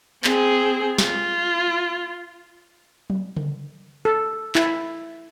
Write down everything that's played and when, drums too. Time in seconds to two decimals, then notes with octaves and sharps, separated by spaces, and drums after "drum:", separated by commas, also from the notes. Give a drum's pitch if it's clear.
0.24 C4 G#4, drum: clap
0.98 F4, drum: snare
3.10 drum: tom F#3
3.37 drum: tom C#3
4.05 A4
4.55 E4, drum: clap